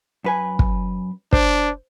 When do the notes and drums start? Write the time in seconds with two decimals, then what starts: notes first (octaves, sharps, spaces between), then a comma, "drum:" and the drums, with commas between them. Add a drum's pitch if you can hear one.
0.24 F#2 B4 G#5
0.59 drum: kick
1.33 D4 C5, drum: kick